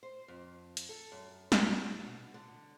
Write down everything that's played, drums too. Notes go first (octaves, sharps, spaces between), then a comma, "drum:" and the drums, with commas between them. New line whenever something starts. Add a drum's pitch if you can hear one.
C5
F2
drum: hi-hat
A4
F#2
B2, drum: snare
B2
D3